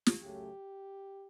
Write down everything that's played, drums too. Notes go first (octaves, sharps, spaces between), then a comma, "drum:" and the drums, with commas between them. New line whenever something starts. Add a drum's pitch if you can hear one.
drum: snare
C#3 F#3 A3 G4